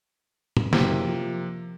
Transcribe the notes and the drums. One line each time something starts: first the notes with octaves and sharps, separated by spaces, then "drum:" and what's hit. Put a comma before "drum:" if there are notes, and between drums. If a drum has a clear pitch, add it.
drum: tom
F#1 C3 A#3, drum: snare
F3